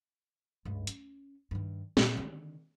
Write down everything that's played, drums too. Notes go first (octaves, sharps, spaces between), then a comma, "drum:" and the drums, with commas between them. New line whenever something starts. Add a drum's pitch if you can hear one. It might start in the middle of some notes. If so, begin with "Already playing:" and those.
C#2 G2
C#4, drum: hi-hat
G2 D#3
A#2, drum: snare
D3 D#3